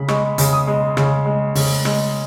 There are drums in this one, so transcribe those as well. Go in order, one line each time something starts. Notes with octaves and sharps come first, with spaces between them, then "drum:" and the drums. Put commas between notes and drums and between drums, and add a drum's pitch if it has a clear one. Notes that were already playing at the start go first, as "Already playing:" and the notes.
Already playing: C#3 B5
G#3 C#6, drum: rim click
C#3, drum: hi-hat
D#6
G#3
C#3, drum: rim click
G#3
C#3, drum: open hi-hat
G#3, drum: rim click